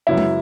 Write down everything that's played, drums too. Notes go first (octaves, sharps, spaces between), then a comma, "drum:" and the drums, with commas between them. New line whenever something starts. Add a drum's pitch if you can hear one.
F#2 C#3 F#3 B3 E4
drum: tom G#3